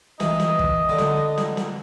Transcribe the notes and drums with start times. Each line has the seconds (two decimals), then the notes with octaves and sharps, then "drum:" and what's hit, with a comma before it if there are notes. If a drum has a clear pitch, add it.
0.20 E3 D#5, drum: snare
0.40 drum: snare
0.59 drum: kick
0.89 D3
0.98 drum: snare
1.38 drum: snare
1.57 drum: snare